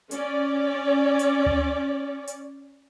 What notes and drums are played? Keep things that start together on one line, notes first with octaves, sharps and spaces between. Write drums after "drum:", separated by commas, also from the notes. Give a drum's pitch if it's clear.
C#4 D5, drum: hi-hat
drum: hi-hat
drum: tom D2
drum: hi-hat